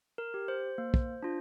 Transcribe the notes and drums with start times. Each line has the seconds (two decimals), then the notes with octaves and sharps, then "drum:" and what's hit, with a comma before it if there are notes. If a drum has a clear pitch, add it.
0.18 A#4
0.34 G4
0.48 C5
0.78 A#3
0.94 drum: kick
1.23 D4 F4